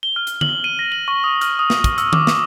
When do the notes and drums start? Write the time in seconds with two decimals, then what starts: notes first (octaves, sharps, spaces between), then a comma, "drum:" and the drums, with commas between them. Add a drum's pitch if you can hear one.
0.03 G7
0.16 F6
0.27 drum: hi-hat
0.41 F#7, drum: tom D3
0.64 D#7
0.79 A#6
0.92 F#7
1.08 C#6
1.24 D#6
1.41 F6, drum: hi-hat
1.59 D#6
1.70 drum: snare
1.84 drum: kick, hi-hat
1.98 E6, drum: hi-hat
2.13 D6, drum: tom D#3
2.27 drum: snare